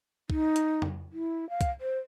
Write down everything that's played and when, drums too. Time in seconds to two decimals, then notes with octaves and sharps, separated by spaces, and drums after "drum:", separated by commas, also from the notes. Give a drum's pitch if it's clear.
0.30 D#4, drum: kick
0.56 drum: hi-hat
0.82 drum: tom
1.13 E4
1.50 F5
1.61 drum: kick, hi-hat
1.81 C5